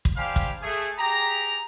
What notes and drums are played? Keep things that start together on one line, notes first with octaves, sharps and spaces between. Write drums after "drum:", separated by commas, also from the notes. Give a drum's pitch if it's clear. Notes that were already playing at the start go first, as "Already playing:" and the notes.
drum: kick
D4 G4 C5 F5 G#5 B5
drum: kick
A3 G#4
G4 G#4 A#5